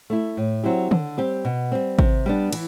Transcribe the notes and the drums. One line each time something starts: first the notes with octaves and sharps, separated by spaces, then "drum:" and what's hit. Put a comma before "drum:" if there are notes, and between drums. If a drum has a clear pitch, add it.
A3 E4
A2
F#3 C4 E4 G4
D3, drum: tom
G3 C4 G4
B2
G3 C4
C3, drum: kick G#1
G3 B3 D4
E3, drum: cymbal